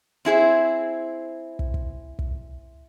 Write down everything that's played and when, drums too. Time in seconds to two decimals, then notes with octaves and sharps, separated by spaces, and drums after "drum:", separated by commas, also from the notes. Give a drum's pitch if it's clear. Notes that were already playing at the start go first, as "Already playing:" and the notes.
0.25 C4 E4 G#4 C5
1.59 drum: kick
1.74 drum: kick
2.19 drum: kick